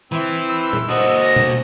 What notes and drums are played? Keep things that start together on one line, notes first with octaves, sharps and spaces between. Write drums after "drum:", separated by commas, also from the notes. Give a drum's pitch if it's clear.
E3 C4 E4
E6
drum: tom
A#3 F#4 A4 C5 D#5
A#6
drum: tom B2